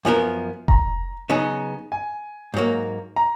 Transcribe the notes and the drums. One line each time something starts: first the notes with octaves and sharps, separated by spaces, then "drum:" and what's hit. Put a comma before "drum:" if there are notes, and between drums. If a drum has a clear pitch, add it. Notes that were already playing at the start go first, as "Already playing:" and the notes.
F#2 F3 B3 F#4 A#4 G#5
A#5, drum: kick F1
C#3 F#3 B3 D#4 G#5
G#5
G#2 F#3 A#3
A#5